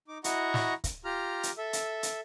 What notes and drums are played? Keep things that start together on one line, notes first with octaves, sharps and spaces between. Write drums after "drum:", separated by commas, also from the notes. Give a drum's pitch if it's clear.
D#4 D6
E4 F#4 D#5 F#5 A#5 C#6, drum: hi-hat
drum: snare
drum: kick, hi-hat
F4 G4 A#5 F6
drum: hi-hat
A4 E5
drum: hi-hat
drum: hi-hat